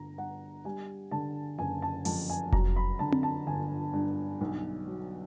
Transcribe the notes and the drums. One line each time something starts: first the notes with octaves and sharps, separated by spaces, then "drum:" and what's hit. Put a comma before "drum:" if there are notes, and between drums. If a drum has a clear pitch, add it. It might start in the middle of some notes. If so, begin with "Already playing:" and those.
Already playing: G1 A#5
G2 F#5
G3 G#5
D3 A5
F#1 G#5
A5
F2 A5, drum: open hi-hat
G#5
F#3 A#5, drum: kick F1
B5
D3 A5
drum: tom C4
A5
G1 G#5
G2
B1
F#3